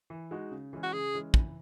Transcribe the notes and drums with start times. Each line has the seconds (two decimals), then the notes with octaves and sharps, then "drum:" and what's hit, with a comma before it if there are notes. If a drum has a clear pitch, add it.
0.10 E3
0.31 G#3 D#4 F#4
0.51 C#3
0.73 E3 G#3 C#4
0.83 F#4
0.93 C#3 G#4
1.14 E3 G#3 C#4
1.34 E3, drum: kick